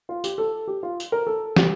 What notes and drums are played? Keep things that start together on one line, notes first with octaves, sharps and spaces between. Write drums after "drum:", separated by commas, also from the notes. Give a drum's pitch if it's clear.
F4
G4, drum: tambourine
A4
G4
F4
drum: tambourine
A#4
A4
G4, drum: snare